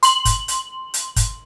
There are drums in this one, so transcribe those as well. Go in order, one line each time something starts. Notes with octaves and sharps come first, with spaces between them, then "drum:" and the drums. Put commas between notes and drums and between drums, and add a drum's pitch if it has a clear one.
C6 F#7, drum: hi-hat
drum: kick, hi-hat
drum: hi-hat
drum: hi-hat
drum: kick, hi-hat